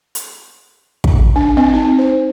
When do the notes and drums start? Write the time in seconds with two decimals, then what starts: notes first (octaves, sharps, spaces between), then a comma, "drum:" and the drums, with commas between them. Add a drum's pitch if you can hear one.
0.15 drum: hi-hat
1.04 drum: kick
1.36 D4
1.57 C4
1.74 D#4
1.99 C5